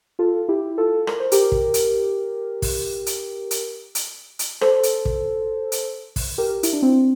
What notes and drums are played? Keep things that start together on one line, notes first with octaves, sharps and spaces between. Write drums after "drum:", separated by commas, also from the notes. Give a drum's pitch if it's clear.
F4 A4
E4 G4
F4 A4
A#4, drum: rim click
C5
G4 A#4, drum: hi-hat
drum: kick
drum: hi-hat
drum: kick, open hi-hat
drum: hi-hat
drum: hi-hat
drum: hi-hat
drum: hi-hat
A4 C5, drum: rim click
drum: hi-hat
drum: kick
drum: hi-hat
drum: kick, open hi-hat
G4 A#4
E4, drum: hi-hat
D4
C4